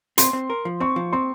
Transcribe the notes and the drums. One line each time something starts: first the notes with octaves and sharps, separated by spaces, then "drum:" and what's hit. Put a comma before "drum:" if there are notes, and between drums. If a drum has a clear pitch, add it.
C4 C6, drum: hi-hat
C4
A#4
F3
C4 C#6
F3
C4 C6